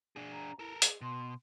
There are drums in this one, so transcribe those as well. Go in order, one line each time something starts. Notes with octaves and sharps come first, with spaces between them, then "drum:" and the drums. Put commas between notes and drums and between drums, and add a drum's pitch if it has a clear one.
D4 G#4
A#5
E4 A4 A#4
G#4, drum: hi-hat
B2 C6